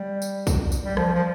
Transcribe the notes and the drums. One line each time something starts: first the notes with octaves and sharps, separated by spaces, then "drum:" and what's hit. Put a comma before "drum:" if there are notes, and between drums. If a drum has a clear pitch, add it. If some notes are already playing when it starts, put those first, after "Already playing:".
Already playing: G3
drum: tambourine
drum: kick, tambourine
drum: tambourine
G3
F3, drum: rim click
F3